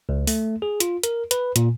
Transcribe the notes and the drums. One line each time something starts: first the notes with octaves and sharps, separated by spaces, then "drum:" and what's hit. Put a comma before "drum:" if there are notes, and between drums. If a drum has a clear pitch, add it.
C#2
A3, drum: open hi-hat
G#4
F4, drum: hi-hat
A#4, drum: hi-hat
B4, drum: hi-hat
A#2, drum: hi-hat